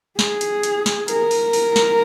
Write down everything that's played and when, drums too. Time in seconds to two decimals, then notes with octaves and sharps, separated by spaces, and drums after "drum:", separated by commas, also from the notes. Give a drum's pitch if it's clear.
0.19 G#4, drum: snare
0.41 drum: hi-hat
0.63 drum: hi-hat
0.86 drum: snare
1.08 A#4, drum: hi-hat
1.31 drum: open hi-hat
1.53 drum: open hi-hat
1.76 drum: snare